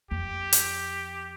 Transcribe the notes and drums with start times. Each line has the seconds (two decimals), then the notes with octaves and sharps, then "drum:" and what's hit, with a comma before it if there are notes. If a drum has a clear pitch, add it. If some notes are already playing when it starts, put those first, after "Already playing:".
0.11 F2 G4
0.53 drum: hi-hat